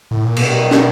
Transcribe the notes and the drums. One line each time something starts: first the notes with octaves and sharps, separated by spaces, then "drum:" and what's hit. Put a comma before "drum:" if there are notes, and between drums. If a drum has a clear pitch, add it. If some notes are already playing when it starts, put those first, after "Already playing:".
A2
A#2
A1 G2 B2 D#3 F#3, drum: cymbal
drum: snare